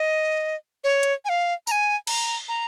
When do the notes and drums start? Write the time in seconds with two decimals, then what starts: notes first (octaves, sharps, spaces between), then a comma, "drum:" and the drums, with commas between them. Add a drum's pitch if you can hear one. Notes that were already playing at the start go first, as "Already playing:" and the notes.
Already playing: D#5
0.84 C#5
1.03 drum: hi-hat
1.25 G#5
1.29 F5
1.67 A#5, drum: tambourine
1.71 G#5
2.07 A#5, drum: cymbal
2.48 A#5